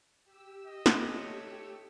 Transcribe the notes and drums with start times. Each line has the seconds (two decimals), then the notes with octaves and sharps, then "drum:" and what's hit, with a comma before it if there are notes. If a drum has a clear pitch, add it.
0.25 G4 E6
0.66 D#5
0.86 drum: snare
1.11 A3 C#5